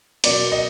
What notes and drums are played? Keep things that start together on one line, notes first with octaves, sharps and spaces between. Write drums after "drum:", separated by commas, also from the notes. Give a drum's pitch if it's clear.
B2 F#3 A#3 D5, drum: cymbal
D#5